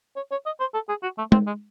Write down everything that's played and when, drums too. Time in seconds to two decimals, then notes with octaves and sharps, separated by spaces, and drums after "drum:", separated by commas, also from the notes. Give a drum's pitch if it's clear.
0.16 C#5
0.31 C#5
0.46 D#5
0.60 C5
0.74 A4
0.89 G#4
1.03 F#4
1.18 A3
1.32 C4, drum: tom
1.47 G#3